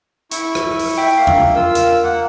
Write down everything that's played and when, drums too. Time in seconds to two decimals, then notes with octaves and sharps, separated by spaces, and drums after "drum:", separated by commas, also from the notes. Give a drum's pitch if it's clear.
0.31 E4 C#6, drum: hi-hat
0.55 drum: rim click
0.79 drum: open hi-hat
0.98 E5 G5
1.18 A#3 F5
1.27 drum: tom E2
1.56 F4 A#4 E6
1.75 drum: hi-hat
2.03 A#3 F#5